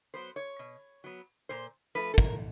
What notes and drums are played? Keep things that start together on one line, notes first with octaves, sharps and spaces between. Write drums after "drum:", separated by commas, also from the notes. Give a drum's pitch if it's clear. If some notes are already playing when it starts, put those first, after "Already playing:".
F#3 B3 C5
C#5
B2
F#3 B3
A#2 C5
F3 A3 B4
A4
A#4, drum: kick